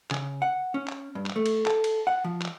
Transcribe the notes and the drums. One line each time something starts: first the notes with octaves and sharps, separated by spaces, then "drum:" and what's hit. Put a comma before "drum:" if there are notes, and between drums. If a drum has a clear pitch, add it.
C#3, drum: clap
F#5
C#4
drum: clap
G2
drum: clap
A3
drum: cymbal
A4, drum: clap
drum: cymbal
F#5
F3
drum: clap